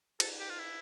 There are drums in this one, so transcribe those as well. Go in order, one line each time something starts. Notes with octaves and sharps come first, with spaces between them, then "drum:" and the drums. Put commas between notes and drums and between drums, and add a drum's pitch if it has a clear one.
A4, drum: cymbal
G4
F4
E4